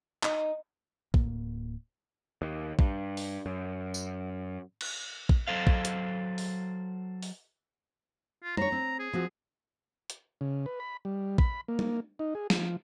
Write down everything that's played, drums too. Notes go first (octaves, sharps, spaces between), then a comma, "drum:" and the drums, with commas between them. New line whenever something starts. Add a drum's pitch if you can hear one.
D#4, drum: clap
D1 A2 A#3, drum: kick
D#2
G2, drum: kick
drum: open hi-hat
F#2
drum: tambourine
drum: cymbal
drum: kick
F#3 A4 C5 F5
drum: kick
drum: hi-hat
drum: open hi-hat
drum: open hi-hat
F4
C5 C#5 A#5, drum: tom
C4
G#4
F3 C4 F#4
drum: hi-hat
C#3
B4
B5
G3
B5, drum: kick
A#3
drum: tom
D#4
G#4
F3, drum: snare